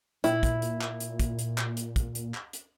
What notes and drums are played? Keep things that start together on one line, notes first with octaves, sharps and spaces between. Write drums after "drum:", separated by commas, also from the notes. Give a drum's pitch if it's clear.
A#2 E4, drum: hi-hat
drum: kick, hi-hat
drum: hi-hat
drum: clap
drum: hi-hat
drum: kick, hi-hat
drum: hi-hat
drum: clap
drum: hi-hat
drum: kick, hi-hat
drum: hi-hat
drum: clap
drum: hi-hat